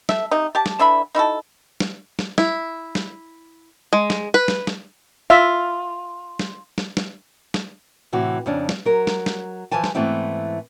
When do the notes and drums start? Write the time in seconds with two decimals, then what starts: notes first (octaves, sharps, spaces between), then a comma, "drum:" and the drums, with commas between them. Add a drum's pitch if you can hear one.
0.09 A3 E5, drum: snare
0.31 C3 D#4
0.55 G4 D5 A5
0.66 drum: snare
0.79 D3 E3 E5 B5
1.15 D#4 E4 F#4 A4
1.80 drum: snare
2.19 drum: snare
2.38 E4, drum: snare
2.95 drum: snare
3.93 G#3
4.10 drum: snare
4.34 B4
4.48 drum: snare
4.67 drum: snare
5.30 F4 E5
6.39 drum: snare
6.78 drum: snare
6.97 drum: snare
7.54 drum: snare
8.13 A2 C3 E3 F#4
8.46 F2 C#3 C#4 D4
8.69 drum: snare
8.85 F#3 A#4
9.07 drum: snare
9.26 drum: snare
9.71 E3 F3 C5 G#5 A5
9.84 drum: snare
9.95 G#2 E3 A3 B3 C4 E4